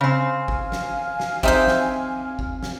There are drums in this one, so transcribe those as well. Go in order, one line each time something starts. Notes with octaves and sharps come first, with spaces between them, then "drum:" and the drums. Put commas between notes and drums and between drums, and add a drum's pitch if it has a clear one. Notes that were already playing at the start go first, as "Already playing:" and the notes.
C#3 C4 F5 G#5 F6
drum: kick G1
drum: snare
drum: snare
C4 D#4 G4 C5 E5, drum: kick G1
drum: snare
drum: kick G1
drum: snare